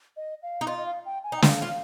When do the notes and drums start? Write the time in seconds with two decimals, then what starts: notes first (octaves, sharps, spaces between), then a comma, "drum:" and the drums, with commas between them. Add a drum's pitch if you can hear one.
0.17 D#5
0.43 F5
0.61 D#4
0.67 F4 D#5
0.78 D#5
0.86 F5
1.05 G5
1.24 G#5
1.32 D#4 G5
1.42 F4 F5, drum: snare
1.62 F4